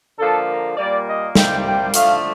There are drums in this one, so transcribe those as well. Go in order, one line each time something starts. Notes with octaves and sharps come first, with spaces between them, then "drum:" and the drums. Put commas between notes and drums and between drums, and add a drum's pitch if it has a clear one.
D3 F3 A#3 A4
A#4
A#2 G3 A#3 D5
D#5
C3 G3 A#3 G5, drum: snare
G5
D3 F3 A3 F5, drum: hi-hat